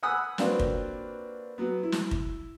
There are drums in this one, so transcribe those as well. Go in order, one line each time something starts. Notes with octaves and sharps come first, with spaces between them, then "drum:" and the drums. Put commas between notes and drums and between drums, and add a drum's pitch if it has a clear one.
F#5 G#5 B5 D#6 E6 F#6
A#3 C4 D4 F4 F#4 B4, drum: snare
drum: kick
F#3 B3
E4
drum: snare
drum: kick